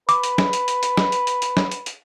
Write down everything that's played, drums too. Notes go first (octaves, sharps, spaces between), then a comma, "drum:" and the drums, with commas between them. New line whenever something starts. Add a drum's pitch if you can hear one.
B4 D6, drum: hi-hat
drum: hi-hat
drum: snare
drum: hi-hat
drum: hi-hat
drum: hi-hat
drum: snare
drum: hi-hat
drum: hi-hat
drum: hi-hat
drum: snare
drum: hi-hat
drum: hi-hat